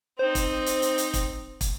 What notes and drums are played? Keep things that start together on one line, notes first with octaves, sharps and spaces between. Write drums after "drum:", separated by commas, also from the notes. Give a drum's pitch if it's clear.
C4 D#4 C5
drum: kick, hi-hat
drum: hi-hat
drum: hi-hat
drum: hi-hat
drum: kick, hi-hat
drum: kick, hi-hat